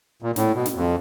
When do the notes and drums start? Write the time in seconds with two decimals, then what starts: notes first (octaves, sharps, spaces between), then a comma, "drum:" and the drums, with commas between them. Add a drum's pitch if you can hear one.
0.23 A#2
0.36 A2, drum: snare
0.54 B2
0.66 drum: snare
0.75 F2